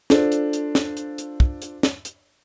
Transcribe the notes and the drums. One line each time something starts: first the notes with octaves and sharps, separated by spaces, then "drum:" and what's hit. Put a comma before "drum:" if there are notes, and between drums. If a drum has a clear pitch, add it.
D4 F4 A4 C5, drum: snare
drum: hi-hat
drum: hi-hat
drum: snare
drum: hi-hat
drum: hi-hat
drum: kick
drum: hi-hat
drum: snare
drum: hi-hat